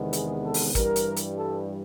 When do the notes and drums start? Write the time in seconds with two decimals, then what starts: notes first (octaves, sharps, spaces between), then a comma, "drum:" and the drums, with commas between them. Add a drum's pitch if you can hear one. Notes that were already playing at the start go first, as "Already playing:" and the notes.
Already playing: E2 C3 D#3 G#3 B3
0.13 G#4, drum: hi-hat
0.44 A4
0.54 drum: open hi-hat
0.75 G2 E3 G3 A#4, drum: kick, hi-hat
0.96 drum: hi-hat
1.16 drum: hi-hat
1.37 A4